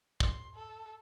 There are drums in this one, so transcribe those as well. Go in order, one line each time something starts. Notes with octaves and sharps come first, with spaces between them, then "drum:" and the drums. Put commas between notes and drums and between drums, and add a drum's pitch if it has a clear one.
C6, drum: kick
A4